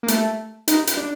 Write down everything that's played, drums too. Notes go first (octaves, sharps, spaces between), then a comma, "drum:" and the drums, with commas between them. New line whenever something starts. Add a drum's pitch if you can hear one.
A#3
A3, drum: hi-hat
D#4, drum: hi-hat
drum: hi-hat
D4